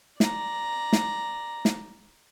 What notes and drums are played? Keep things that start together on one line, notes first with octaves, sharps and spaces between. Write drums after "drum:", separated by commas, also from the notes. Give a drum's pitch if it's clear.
D5 A#5, drum: snare
drum: snare
drum: snare